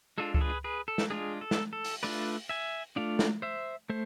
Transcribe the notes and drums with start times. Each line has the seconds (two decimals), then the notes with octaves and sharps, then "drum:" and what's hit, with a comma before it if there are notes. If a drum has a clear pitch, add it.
0.18 G#3 D4 F4 A4
0.34 A4, drum: kick C#2
0.41 G#4 B4
0.64 G#4 B4
0.88 A4
0.98 drum: snare
1.10 G#3 D4 F4 G#4
1.41 A4
1.51 drum: snare
1.73 A4
1.84 drum: open hi-hat
2.03 A3 D4 F4 B4 D5, drum: open hi-hat
2.49 E5 G#5
2.96 A3 D4 F4 D5 F5
3.19 drum: snare
3.42 C5 E5
3.89 A3 C5